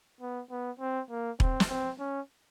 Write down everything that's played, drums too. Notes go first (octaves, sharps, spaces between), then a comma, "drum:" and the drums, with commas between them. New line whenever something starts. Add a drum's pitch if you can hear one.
B3
B3
C4
A#3
C4, drum: kick E1
drum: snare
C4
C#4